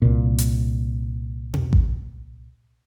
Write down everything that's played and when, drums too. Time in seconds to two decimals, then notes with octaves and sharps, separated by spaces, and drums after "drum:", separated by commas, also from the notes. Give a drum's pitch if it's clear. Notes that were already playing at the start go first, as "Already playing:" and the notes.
0.02 C2 A#2
0.38 drum: hi-hat
1.54 drum: tom
1.73 drum: kick A1